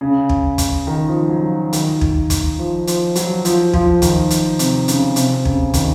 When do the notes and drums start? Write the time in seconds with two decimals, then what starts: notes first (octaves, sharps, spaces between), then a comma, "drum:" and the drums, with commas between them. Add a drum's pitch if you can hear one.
0.01 C#3
0.29 drum: kick
0.58 drum: kick, hi-hat
0.87 D#3
1.08 F3
1.29 F#3
1.73 D#3, drum: hi-hat
2.01 drum: kick
2.30 drum: kick, hi-hat
2.59 F3
2.87 F3, drum: hi-hat
3.15 F#3, drum: hi-hat
3.45 F3, drum: hi-hat
3.73 F3, drum: kick
4.02 D#3, drum: kick, hi-hat
4.30 drum: hi-hat
4.59 C3, drum: hi-hat
4.88 C#3, drum: hi-hat
5.16 C3, drum: hi-hat
5.45 C#3, drum: kick
5.74 D#3, drum: kick, hi-hat